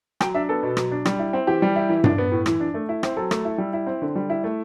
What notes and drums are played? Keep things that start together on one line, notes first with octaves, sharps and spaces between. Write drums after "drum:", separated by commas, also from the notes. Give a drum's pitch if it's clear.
F#3 G5, drum: rim click
D4 E5
B3 A4
B2
F#3, drum: rim click
D4
G3, drum: rim click
E4
C4
E3 G4
G3
E4
E3
D4, drum: tom G2
B3
A2
E3, drum: rim click
D4
A3
E4
C4, drum: rim click
F#3 A4
A3, drum: rim click
E4
G3
E4
C4
D3
G3
E4
A3